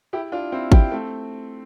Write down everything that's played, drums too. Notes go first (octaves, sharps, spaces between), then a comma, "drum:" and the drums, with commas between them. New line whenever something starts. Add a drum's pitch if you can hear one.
E4 G4
D4 F4
C4 E4
E4 G4, drum: kick G#1
A3 C4